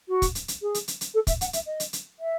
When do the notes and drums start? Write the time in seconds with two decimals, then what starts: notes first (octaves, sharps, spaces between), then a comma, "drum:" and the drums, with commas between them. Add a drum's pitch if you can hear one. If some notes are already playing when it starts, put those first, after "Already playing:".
0.08 F#4
0.22 drum: kick, hi-hat
0.35 drum: hi-hat
0.48 drum: hi-hat
0.62 G#4
0.74 drum: hi-hat
0.88 drum: hi-hat
1.01 drum: hi-hat
1.14 A4
1.27 E5, drum: kick, hi-hat
1.41 F#5, drum: hi-hat
1.53 E5, drum: hi-hat
1.66 D#5
1.80 drum: hi-hat
1.93 drum: hi-hat
2.19 E5